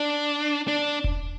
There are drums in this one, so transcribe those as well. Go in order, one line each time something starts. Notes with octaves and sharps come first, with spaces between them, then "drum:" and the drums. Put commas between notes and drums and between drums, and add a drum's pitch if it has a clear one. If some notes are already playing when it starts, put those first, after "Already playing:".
Already playing: D4
D4
drum: kick E1